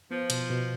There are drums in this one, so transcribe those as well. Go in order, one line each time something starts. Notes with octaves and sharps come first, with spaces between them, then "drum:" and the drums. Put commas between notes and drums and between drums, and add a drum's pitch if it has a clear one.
F3 B3
B2, drum: cymbal
B2